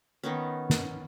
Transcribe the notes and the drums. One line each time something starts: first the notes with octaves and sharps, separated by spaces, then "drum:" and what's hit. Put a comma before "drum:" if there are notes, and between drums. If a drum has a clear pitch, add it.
D#3 B3 C#4
drum: snare